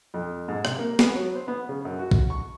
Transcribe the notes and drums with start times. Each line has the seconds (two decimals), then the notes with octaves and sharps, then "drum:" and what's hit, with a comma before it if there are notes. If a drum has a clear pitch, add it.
0.14 F2
0.48 G#2
0.65 C3, drum: rim click
0.79 A#3
0.99 B3, drum: snare
1.15 F#3
1.35 C5
1.48 B3
1.69 C#3
1.85 F#2
1.99 F#4
2.11 drum: kick
2.30 C#6